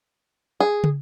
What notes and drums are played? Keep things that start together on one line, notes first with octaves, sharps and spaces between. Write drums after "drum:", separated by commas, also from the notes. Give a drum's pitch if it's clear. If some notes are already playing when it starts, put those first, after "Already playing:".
G#4
drum: tom